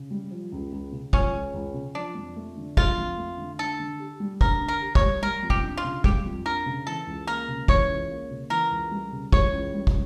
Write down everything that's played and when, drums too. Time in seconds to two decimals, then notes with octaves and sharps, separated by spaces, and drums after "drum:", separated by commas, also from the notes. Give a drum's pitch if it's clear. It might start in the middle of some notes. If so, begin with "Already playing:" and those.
Already playing: C#3
0.11 G3
0.31 F3
0.52 C#2
0.73 C#2
0.92 C#3
1.13 F3 C#4, drum: kick
1.33 C#2
1.54 C#2
1.74 C#3
1.95 F3 D4
2.15 F2
2.36 A3
2.57 D3
2.77 F3 F4, drum: kick
2.98 F2
3.17 A3
3.38 D3
3.59 D4 A4
3.79 D3
4.00 G4
4.20 G3
4.41 D4 A#4, drum: kick
4.61 D3
4.68 A#4
4.81 G4
4.95 C#5, drum: kick
5.03 G3
5.22 G3 A#4
5.43 F2
5.50 G4, drum: kick
5.63 D4
5.77 F4
5.84 C#3
6.04 G3 G4, drum: kick
6.25 F2
6.46 D4 A#4
6.66 C#3
6.87 E3 A4
7.07 C#2
7.27 A#3 A#4
7.48 C#3
7.68 E3 C#5, drum: kick
7.89 C#2
8.10 A#3
8.31 C#3
8.50 E3 A#4
8.71 C#2
8.91 G3
9.12 C#3
9.33 E3 C#5, drum: kick
9.52 C#2
9.74 G3
9.87 drum: kick